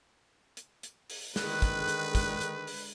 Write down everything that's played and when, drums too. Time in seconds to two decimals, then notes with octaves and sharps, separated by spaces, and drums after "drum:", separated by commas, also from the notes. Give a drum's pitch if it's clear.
0.57 drum: hi-hat
0.83 drum: hi-hat
1.10 drum: open hi-hat
1.36 D3 D#3 G#3 B4 F#6, drum: snare
1.62 drum: kick, hi-hat
1.88 drum: hi-hat
2.15 drum: kick, hi-hat
2.41 drum: hi-hat
2.67 drum: open hi-hat